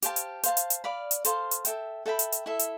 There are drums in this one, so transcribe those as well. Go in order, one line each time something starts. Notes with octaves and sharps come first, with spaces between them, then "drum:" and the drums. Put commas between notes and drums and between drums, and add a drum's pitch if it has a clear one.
G4 C5 F5 A5, drum: hi-hat
drum: hi-hat
C5 F5 A5, drum: hi-hat
drum: hi-hat
drum: hi-hat
D5 F5 B5
drum: hi-hat
A4 C5 F5 C6, drum: hi-hat
drum: hi-hat
A4 E5 G5, drum: hi-hat
A4 E5 G5 B5
drum: hi-hat
drum: hi-hat
E4 A4 E5
drum: hi-hat